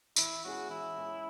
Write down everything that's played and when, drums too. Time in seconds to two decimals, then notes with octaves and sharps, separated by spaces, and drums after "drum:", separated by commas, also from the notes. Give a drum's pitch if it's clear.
0.16 E3 E4, drum: tambourine
0.44 G#3 C#4 F#4 G#4
0.69 E3 E4
0.97 G#3 C#4 G#4